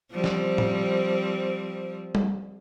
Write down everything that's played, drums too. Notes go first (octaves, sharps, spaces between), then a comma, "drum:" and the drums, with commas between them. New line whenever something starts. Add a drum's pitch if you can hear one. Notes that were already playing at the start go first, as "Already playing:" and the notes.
F3 G3 C4
drum: snare
drum: tom
drum: tom G3